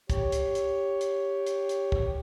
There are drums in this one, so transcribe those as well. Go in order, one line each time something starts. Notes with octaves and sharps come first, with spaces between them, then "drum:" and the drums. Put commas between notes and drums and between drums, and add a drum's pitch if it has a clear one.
G4 C#5, drum: kick, hi-hat
drum: hi-hat
drum: hi-hat
drum: hi-hat
drum: hi-hat
drum: hi-hat
drum: kick